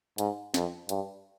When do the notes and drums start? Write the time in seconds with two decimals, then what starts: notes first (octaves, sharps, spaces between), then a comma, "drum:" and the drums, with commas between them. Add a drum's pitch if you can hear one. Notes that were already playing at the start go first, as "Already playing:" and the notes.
0.18 G#2, drum: hi-hat
0.54 F2, drum: snare
0.89 G2, drum: hi-hat